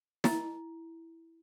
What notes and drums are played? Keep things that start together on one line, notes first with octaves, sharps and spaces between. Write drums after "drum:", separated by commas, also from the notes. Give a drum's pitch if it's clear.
E4, drum: snare